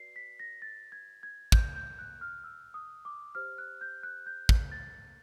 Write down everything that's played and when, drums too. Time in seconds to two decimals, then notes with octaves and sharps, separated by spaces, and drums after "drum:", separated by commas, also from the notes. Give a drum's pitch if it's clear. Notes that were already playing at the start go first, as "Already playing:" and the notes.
Already playing: F#4 B4 D5 C7
0.16 B6
0.40 A#6
0.62 A6
0.92 G#6
1.23 G#6
1.52 G6, drum: kick
1.76 G6
1.99 F#6
2.21 F6
2.44 E6
2.74 D#6
3.05 D6
3.35 G4 C5 F6
3.58 F#6
3.81 G6
4.03 F#6
4.26 G6
4.49 drum: kick
4.72 A6